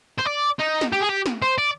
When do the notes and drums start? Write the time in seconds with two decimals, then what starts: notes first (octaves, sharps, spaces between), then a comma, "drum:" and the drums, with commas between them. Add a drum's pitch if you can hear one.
0.18 C5
0.25 D5
0.59 D#4
0.81 drum: snare
0.93 G4
1.01 G#4
1.09 G4
1.26 drum: snare
1.42 C5
1.58 D5